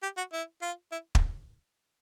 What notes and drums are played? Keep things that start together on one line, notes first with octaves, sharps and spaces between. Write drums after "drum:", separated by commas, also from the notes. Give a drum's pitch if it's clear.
G4
F#4
E4
F4
E4
drum: kick